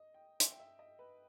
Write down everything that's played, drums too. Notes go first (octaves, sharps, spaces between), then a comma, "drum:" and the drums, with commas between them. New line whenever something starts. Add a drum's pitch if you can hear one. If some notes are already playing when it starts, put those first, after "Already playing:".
Already playing: D#5
G5
E5, drum: hi-hat
G5
E5
D#5
B4